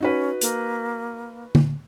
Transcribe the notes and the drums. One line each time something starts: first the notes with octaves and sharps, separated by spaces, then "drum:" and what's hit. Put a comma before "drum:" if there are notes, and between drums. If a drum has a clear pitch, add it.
C#4 D#4 F#4 B4
A#3, drum: hi-hat
drum: tom